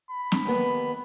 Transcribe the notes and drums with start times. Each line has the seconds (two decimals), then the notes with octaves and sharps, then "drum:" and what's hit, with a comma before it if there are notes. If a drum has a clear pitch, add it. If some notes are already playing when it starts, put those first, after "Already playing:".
0.10 B5
0.32 drum: snare C4
0.45 D#2 B3